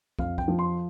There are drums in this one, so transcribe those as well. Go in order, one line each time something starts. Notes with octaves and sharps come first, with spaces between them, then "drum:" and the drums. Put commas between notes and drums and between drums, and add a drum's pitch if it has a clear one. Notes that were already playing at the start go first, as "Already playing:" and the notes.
F2 F5, drum: kick
G5, drum: kick
F3
C6